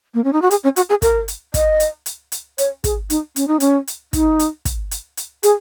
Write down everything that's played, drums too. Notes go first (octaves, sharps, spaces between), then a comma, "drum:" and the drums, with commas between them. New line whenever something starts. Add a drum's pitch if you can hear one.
A#3
C#4
D#4
F#4
G#4, drum: hi-hat
C#4
F#4, drum: hi-hat
G#4
A#4, drum: kick, hi-hat
drum: hi-hat
D#5, drum: kick, hi-hat
drum: hi-hat
drum: hi-hat
drum: hi-hat
C#5, drum: hi-hat
G#4, drum: kick, hi-hat
D#4, drum: hi-hat
C#4, drum: hi-hat
D#4
C#4, drum: hi-hat
drum: hi-hat
D#4, drum: kick, hi-hat
drum: hi-hat
drum: kick, hi-hat
drum: hi-hat
drum: hi-hat
G#4, drum: hi-hat